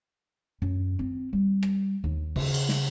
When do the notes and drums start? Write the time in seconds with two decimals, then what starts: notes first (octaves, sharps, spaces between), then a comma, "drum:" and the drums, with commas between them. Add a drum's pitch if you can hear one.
0.62 F#2
0.99 C4
1.33 G3
1.63 drum: rim click
2.04 D#2
2.36 C#3, drum: cymbal
2.54 drum: cymbal
2.69 drum: snare